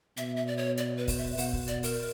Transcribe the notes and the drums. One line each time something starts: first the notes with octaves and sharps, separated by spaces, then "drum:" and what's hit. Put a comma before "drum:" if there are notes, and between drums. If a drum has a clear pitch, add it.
B2 E5, drum: hi-hat
E5
D5
C#5
D5, drum: hi-hat
B4
drum: kick, open hi-hat
E5
B2 F#5, drum: open hi-hat
drum: kick
D5, drum: hi-hat
A#4, drum: open hi-hat